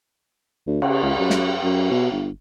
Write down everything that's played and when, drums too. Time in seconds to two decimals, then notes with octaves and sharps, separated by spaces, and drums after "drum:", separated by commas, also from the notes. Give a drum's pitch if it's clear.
0.67 D2
0.82 C#3, drum: cymbal
1.03 C#2
1.19 F#2
1.30 drum: snare
1.63 F#2
1.91 B2
2.11 G1